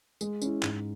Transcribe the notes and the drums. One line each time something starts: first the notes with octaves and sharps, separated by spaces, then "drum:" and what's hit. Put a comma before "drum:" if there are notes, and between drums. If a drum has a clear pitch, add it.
G#3, drum: tambourine
C#4 E4, drum: tambourine
G#2, drum: clap